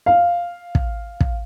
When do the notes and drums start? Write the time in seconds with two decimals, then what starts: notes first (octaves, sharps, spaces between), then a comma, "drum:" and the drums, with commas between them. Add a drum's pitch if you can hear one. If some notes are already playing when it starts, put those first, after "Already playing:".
0.06 F5
0.75 drum: kick
1.20 drum: kick